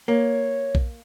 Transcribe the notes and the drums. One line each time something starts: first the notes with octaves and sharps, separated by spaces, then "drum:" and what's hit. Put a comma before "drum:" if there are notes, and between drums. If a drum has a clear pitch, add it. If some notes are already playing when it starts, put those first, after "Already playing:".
A#3 C#5
drum: kick A#1